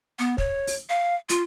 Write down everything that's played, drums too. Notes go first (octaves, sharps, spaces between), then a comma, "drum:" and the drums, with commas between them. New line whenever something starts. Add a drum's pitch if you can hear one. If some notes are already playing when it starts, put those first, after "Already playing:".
B3
C#5, drum: kick
drum: open hi-hat
F5
F4, drum: hi-hat